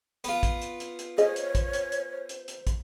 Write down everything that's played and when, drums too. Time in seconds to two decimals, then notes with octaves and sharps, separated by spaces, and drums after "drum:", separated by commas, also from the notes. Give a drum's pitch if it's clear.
0.24 B3 F4, drum: hi-hat
0.43 drum: kick, hi-hat
0.62 drum: hi-hat
0.80 drum: hi-hat
0.99 drum: hi-hat
1.18 G#4 C5 C#5 D#5, drum: hi-hat
1.36 drum: hi-hat
1.55 drum: kick, hi-hat
1.73 drum: hi-hat
1.92 drum: hi-hat
2.29 drum: hi-hat
2.48 drum: hi-hat
2.67 drum: kick, hi-hat